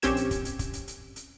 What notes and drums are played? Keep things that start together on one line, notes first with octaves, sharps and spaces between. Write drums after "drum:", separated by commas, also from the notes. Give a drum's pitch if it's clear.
A#1 C4 C#4 G4 G#6 E7, drum: hi-hat
drum: hi-hat
drum: kick, hi-hat
drum: hi-hat
drum: kick, hi-hat
drum: hi-hat
drum: hi-hat
drum: hi-hat